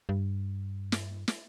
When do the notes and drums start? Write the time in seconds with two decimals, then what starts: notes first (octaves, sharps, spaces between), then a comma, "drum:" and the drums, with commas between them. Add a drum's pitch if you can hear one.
0.09 G2
0.92 drum: snare
1.28 drum: snare